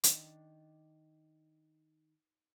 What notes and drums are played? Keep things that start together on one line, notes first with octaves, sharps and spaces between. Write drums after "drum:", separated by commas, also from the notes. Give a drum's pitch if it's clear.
D#3 D4, drum: hi-hat